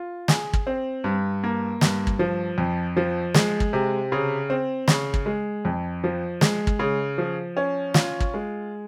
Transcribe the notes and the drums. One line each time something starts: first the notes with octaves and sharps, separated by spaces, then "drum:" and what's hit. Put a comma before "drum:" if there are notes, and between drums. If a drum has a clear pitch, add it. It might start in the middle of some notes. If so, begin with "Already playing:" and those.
Already playing: F4
G#4, drum: snare
drum: kick
C4
G2
A#3
G2, drum: snare
drum: kick
F3
F2
F3
G#3, drum: snare
drum: kick
C3
C#3
C4
C#3, drum: snare
drum: kick
G#3
F2
F3
G#3, drum: snare
drum: kick
C#3
F3
C#4
F4, drum: snare
drum: kick
G#3